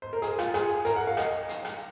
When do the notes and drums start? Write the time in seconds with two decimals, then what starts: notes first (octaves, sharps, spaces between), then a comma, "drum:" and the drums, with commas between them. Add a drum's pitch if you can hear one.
0.02 C5
0.13 A#4
0.22 G#4, drum: hi-hat
0.38 F4, drum: rim click
0.54 G#4, drum: rim click
0.85 A#4, drum: hi-hat
0.96 F#5
1.07 F5
1.17 D#5, drum: rim click
1.49 drum: hi-hat
1.65 drum: rim click